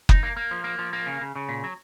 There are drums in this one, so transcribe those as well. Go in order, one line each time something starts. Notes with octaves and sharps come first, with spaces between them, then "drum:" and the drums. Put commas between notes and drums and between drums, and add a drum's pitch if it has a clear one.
D#4, drum: kick F#1
A#3
A#3
F3
A#3
F3
A#3
C#3
C#3
C#3
A#2
F#3